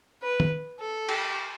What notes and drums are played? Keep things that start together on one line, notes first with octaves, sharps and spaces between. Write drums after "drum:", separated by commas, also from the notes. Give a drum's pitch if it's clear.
B4
drum: tom D#3
A4
G4, drum: cymbal